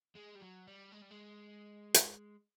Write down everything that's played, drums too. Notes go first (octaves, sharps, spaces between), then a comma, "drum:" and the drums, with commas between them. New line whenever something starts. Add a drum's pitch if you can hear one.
G#3
G3
F#3
G3
G#3
G3
G#3
drum: hi-hat